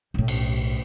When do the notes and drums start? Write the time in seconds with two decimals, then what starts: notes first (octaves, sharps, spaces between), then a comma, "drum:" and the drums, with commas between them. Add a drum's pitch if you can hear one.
0.14 B1 A2
0.28 drum: cymbal